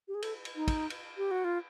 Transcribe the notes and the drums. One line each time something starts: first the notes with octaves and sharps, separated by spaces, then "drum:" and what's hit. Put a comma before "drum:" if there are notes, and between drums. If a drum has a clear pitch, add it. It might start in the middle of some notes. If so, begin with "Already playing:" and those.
G4
G#4
A4, drum: cymbal
drum: cymbal
D#4
drum: kick, cymbal
drum: cymbal
G4
F#4
F4